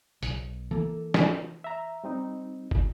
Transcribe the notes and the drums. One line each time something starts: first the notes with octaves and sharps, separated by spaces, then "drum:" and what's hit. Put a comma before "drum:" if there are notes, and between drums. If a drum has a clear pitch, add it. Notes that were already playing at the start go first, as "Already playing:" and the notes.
B1, drum: hi-hat
E3 A#3 A4
drum: snare
E5 A#5
G3 C4 D#4
drum: kick